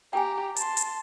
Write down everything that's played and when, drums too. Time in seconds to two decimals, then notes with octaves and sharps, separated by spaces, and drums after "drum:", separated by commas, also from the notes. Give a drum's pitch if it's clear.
0.13 G4 G5 G#5 A#5
0.56 A5 C6, drum: hi-hat
0.77 drum: hi-hat